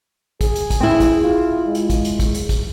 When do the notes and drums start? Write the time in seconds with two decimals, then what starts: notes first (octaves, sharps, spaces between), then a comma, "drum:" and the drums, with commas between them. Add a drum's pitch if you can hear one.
0.41 G#4, drum: kick, hi-hat
0.56 drum: hi-hat
0.70 drum: kick, hi-hat
0.80 C4 E4
1.00 drum: kick, hi-hat
1.23 F4
1.65 G#3
1.75 drum: hi-hat
1.90 drum: kick, hi-hat
2.05 drum: hi-hat
2.20 drum: kick, hi-hat
2.34 drum: hi-hat
2.49 drum: kick, hi-hat